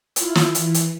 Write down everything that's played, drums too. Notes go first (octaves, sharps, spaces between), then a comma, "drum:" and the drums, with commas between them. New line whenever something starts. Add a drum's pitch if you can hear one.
E4 F4, drum: hi-hat
drum: snare
E3, drum: hi-hat
drum: hi-hat